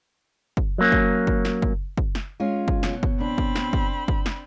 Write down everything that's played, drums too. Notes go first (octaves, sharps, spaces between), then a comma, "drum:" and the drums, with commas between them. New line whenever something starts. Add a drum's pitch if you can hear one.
drum: kick
F#3 A#3 C#4
drum: kick
drum: kick
drum: snare
drum: kick
drum: kick
drum: snare
G#3 C#4 F4
drum: kick
B2 F#3, drum: snare
drum: kick
C4 D4 B5
drum: kick
drum: snare
drum: kick
drum: kick
drum: snare